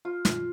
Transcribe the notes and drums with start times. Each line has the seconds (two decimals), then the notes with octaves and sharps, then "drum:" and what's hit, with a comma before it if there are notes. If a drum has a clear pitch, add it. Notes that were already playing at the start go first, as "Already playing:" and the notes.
0.05 F4
0.25 drum: snare